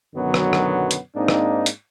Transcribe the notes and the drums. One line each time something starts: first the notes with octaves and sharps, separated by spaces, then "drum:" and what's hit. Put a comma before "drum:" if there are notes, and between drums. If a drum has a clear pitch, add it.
F#2 B2 D3 D#3 F#3 B3
drum: rim click
drum: rim click
drum: hi-hat
G#2 A#3 C4 D4 D#4
drum: rim click
drum: hi-hat